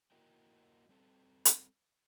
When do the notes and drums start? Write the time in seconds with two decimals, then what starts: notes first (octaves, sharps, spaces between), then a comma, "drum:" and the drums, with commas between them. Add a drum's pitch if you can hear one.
0.12 A#3 E4 F#4 A#4 D#5 G5
0.89 G3 C4 A4
1.45 drum: hi-hat